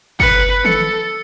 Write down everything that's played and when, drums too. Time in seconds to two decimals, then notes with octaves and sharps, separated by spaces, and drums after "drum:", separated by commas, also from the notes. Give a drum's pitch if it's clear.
0.20 B4 C#7, drum: kick
0.65 A4 C#7, drum: tom D#3